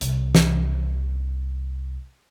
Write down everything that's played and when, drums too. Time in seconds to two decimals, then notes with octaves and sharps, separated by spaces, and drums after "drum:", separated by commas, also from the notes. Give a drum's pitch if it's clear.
0.01 C2 C3, drum: hi-hat
0.35 drum: snare